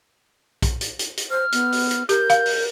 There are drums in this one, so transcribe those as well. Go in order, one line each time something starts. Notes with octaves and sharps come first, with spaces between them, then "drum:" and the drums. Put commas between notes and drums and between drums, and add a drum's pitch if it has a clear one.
drum: kick, hi-hat
drum: hi-hat
drum: hi-hat
drum: hi-hat
C5 F6
B3, drum: hi-hat
drum: open hi-hat
drum: hi-hat
G4 A#4 G6, drum: hi-hat
F5, drum: hi-hat
drum: open hi-hat